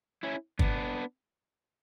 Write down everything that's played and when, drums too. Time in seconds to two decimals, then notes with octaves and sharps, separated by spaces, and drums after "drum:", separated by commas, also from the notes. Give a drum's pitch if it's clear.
0.23 C#4 E4
0.59 B3 D4, drum: kick